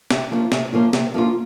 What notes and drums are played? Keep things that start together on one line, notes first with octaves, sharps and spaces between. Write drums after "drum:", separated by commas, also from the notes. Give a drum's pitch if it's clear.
C3, drum: snare
F3 A#3 C#4 F4
C3, drum: snare
F3 A#3 C#4 F4
C3, drum: snare
F3 A#3 C#4 F4